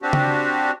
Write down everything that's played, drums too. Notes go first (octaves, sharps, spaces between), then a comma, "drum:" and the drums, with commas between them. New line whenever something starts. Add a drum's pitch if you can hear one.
C4 D4 F#4 G4
drum: tom C#3